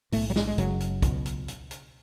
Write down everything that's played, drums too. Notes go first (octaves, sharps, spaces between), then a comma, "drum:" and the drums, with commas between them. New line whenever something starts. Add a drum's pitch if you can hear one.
B1 A2 A3, drum: open hi-hat
F#3
G#3, drum: snare
G#3
F#1 F#2 C#3 F#3, drum: hi-hat
drum: hi-hat
C#2 B2, drum: kick, hi-hat
drum: hi-hat
drum: hi-hat
drum: hi-hat